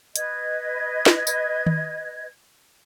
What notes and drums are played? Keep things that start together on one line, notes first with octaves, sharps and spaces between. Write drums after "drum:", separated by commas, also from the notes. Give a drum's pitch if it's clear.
B4 D#5 G#6, drum: hi-hat
drum: snare
drum: tambourine
drum: tom D#3